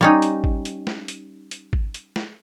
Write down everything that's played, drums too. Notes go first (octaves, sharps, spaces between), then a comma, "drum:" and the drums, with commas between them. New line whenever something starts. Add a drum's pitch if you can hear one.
G3 C#4 D#4
drum: hi-hat
drum: kick G#1
drum: hi-hat
drum: snare
drum: hi-hat
drum: hi-hat
drum: kick G#1
drum: hi-hat
drum: snare